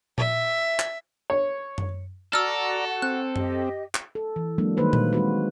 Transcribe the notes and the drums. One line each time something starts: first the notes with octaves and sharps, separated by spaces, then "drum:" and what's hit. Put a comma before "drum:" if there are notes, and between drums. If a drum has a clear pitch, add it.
E5, drum: tom A#2
drum: clap
C#5
drum: tom F#2
F#4 A4 D5 A#5 E6 F6
C4 F#6
G4 D#5, drum: tom F#2
drum: clap
A4
E3
F#3 G#3 A#3 D4
D#3 G3 A#3 D#4 B4 C5
drum: tom A#2
G#3 C4 F#4 B4